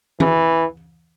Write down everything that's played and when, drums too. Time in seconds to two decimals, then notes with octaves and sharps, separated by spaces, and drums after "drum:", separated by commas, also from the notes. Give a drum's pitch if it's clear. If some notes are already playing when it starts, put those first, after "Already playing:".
0.20 E3, drum: tom E3